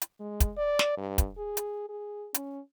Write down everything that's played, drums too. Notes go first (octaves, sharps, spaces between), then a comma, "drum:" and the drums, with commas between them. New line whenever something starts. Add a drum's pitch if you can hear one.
drum: hi-hat
G#3
drum: kick, hi-hat
D5
drum: snare
G2
drum: kick, hi-hat
G#4
drum: hi-hat
G#4
C#4, drum: hi-hat